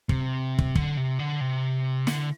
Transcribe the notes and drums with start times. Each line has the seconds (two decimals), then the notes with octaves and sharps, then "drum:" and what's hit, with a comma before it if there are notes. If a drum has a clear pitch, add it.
0.09 C3, drum: kick
0.59 drum: kick
0.75 D3, drum: kick
0.97 C3
1.19 D3
1.41 C3
2.07 D3, drum: snare